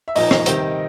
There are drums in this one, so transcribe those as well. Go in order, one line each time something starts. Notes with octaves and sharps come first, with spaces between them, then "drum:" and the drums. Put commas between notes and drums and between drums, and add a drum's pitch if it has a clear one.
E5
A#2 F3 A#3 D#4 D#5, drum: open hi-hat
drum: rim click
C3 D#3 G3 C4, drum: hi-hat